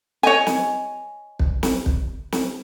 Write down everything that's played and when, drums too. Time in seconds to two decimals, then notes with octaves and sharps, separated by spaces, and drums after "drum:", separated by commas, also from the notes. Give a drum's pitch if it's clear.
0.23 C#5 D#5 G#5
0.47 drum: snare
1.39 drum: kick
1.63 drum: snare
1.86 drum: kick
2.32 drum: snare